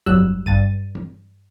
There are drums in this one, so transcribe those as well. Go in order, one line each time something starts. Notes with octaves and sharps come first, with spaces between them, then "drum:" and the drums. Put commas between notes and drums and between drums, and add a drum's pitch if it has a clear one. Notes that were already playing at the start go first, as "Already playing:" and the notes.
G1 F2 F#3 G3 E6 F#6
G2 A6 D#7, drum: kick G1
drum: tom